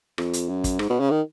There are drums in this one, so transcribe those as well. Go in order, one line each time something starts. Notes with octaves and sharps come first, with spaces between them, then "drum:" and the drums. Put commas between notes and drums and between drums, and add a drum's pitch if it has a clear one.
F2, drum: rim click
drum: hi-hat
F#2
drum: kick, hi-hat
G#2, drum: rim click
B2
C#3
D#3